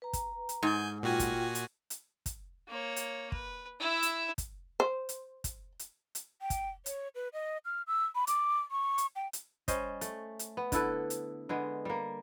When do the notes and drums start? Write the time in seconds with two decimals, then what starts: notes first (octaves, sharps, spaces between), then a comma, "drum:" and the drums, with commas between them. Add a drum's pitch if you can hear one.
0.02 B4 A#5
0.13 drum: kick, hi-hat
0.49 drum: hi-hat
0.63 G#2 G#5 G6
1.03 A#2 F4 F#4 G5 G#5
1.20 drum: kick, hi-hat
1.55 drum: hi-hat
1.90 drum: hi-hat
2.26 drum: kick, hi-hat
2.68 A#3 C#5
2.96 drum: hi-hat
3.32 B4, drum: kick
3.80 E4 E5
4.03 drum: hi-hat
4.38 drum: kick, hi-hat
4.80 C5
5.09 drum: hi-hat
5.44 drum: kick, hi-hat
5.79 drum: hi-hat
6.15 drum: hi-hat
6.40 G5
6.50 drum: kick, hi-hat
6.86 C#5, drum: hi-hat
7.15 B4
7.33 D#5
7.65 F6
7.87 E6
8.15 B5
8.27 D6, drum: hi-hat
8.71 C#6
8.98 drum: hi-hat
9.16 G5
9.33 drum: hi-hat
9.68 G3 C#4 C5 D#5, drum: kick, hi-hat
10.01 A3, drum: hi-hat
10.39 drum: hi-hat
10.57 B3
10.72 D3 E4 A4 B4, drum: kick, hi-hat
11.10 drum: hi-hat
11.49 D3 G#3 B3
11.85 G3 A#3